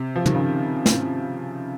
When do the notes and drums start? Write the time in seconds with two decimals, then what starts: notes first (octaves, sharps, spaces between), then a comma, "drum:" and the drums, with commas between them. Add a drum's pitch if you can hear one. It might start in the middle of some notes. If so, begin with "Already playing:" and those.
Already playing: C3
0.16 F3
0.26 D#3, drum: tom
0.35 C#3
0.86 drum: snare